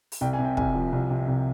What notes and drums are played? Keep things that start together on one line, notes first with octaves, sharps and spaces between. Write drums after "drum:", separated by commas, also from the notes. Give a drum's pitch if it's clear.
drum: open hi-hat
C2 G5
G#5
C3
G5
C2 G#5, drum: kick
F3
C2
C3
C2